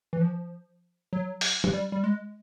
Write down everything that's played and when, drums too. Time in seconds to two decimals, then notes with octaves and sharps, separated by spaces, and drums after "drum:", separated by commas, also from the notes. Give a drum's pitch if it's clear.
0.13 E3
0.21 F3
1.13 F#3
1.41 drum: open hi-hat
1.64 drum: tom
1.73 G3
1.92 G3
2.04 G#3